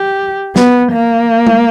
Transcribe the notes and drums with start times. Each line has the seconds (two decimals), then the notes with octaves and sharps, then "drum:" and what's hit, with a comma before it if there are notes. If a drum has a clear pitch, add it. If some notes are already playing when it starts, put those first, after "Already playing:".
Already playing: G4
0.56 B3, drum: snare
0.93 A#3
1.47 drum: tom G#3